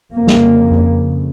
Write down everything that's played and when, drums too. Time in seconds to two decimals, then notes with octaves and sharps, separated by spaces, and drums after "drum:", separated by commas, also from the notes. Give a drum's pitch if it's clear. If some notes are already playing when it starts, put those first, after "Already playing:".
0.13 F2 C#3 A#3
0.27 drum: snare
0.71 drum: tom F2